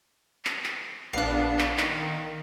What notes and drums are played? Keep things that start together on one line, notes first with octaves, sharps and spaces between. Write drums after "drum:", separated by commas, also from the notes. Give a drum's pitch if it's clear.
drum: clap
drum: clap
A#1 B3 D4 F5 F#6
drum: clap
D#3, drum: clap